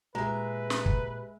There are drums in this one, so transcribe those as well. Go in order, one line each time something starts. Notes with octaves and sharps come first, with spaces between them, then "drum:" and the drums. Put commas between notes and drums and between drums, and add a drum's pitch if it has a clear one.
A#2 G#3 G4 G#4 B4 E5 A#5
drum: snare
drum: kick